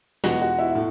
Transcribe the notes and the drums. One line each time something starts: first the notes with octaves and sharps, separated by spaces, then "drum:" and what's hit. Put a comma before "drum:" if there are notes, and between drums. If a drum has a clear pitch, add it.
E2 B2 G#3 F#4 F#5, drum: snare
F#4 F#5
E4 E5
A2